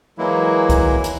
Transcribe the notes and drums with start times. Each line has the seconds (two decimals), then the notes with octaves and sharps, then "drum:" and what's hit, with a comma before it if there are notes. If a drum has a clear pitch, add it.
0.18 E3 F#3 G#3 A#3 E4
0.69 drum: kick C2, hi-hat
1.04 drum: hi-hat